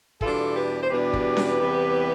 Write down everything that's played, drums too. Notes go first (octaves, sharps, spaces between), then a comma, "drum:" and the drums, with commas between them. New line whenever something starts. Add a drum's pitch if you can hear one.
E2 B2 G3 D4 F4 A4, drum: kick
G4 B4
C5
E2 B2 G3 D4 G4 B4
drum: kick
drum: snare C#4
E2 C3 E3 G3 B3